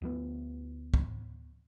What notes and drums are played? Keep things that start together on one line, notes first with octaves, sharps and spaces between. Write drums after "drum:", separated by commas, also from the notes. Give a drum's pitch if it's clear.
D2 F3 B3
drum: kick